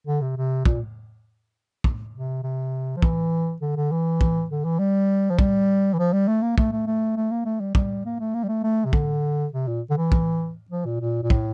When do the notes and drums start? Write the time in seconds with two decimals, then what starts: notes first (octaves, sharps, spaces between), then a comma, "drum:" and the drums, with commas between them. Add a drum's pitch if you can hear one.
0.07 D3
0.21 C3
0.37 C3
0.65 A#2, drum: kick
1.84 drum: kick
2.14 C3
2.43 C3
2.96 F3
3.02 E3, drum: kick
3.61 D3
3.76 D3
3.91 E3
4.21 drum: kick
4.50 D3
4.65 E3
4.79 G3
5.30 F3
5.39 G3, drum: kick
5.94 E3
5.99 F3
6.13 G3
6.28 A3
6.42 A#3
6.58 A3, drum: kick
6.72 A3
6.87 A3
7.17 A3
7.31 A#3
7.45 A3
7.60 G3
7.75 G3, drum: kick
8.05 A#3
8.20 A3
8.34 A#3
8.44 G3
8.49 A3
8.64 A3
8.85 C3
8.93 D3, drum: kick
9.53 C3
9.67 A#2
9.90 D3
9.97 E3
10.12 drum: kick
10.70 F3
10.85 A#2
11.01 A#2
11.23 A#2
11.30 A2, drum: kick